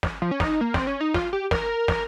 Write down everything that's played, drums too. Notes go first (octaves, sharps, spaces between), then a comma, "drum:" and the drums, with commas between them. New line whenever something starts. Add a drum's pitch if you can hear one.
drum: snare
F3
C#4
D#4, drum: snare
A#3
C4, drum: snare
C#4
D#4
F4, drum: snare
G4
A#4, drum: snare
drum: snare